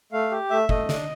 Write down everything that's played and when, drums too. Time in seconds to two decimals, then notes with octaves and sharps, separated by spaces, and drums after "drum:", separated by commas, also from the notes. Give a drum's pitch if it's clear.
0.12 A3 F5
0.31 G4
0.50 A3 E5
0.69 A3 D#5, drum: kick
0.89 D4, drum: snare